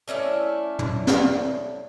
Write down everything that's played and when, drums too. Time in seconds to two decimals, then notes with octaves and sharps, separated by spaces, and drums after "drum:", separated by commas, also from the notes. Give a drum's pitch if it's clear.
0.08 A3 C#4 D4 E4
0.79 drum: tom
1.07 drum: snare